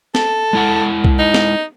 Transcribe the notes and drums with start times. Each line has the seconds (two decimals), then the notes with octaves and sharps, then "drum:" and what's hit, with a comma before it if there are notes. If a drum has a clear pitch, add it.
0.15 A4, drum: snare
0.53 G#3 E4 F#5
1.04 drum: kick
1.19 D#4
1.34 drum: snare